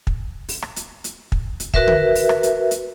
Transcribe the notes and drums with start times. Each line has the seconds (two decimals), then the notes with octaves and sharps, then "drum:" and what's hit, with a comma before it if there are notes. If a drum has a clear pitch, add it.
0.07 drum: kick
0.49 drum: open hi-hat
0.62 drum: rim click
0.76 drum: hi-hat
1.04 drum: hi-hat
1.32 drum: kick
1.60 drum: hi-hat
1.74 F#4 A#4 B4 E5, drum: kick
1.88 drum: tom D3
2.15 drum: open hi-hat
2.29 drum: rim click
2.43 drum: hi-hat
2.71 drum: hi-hat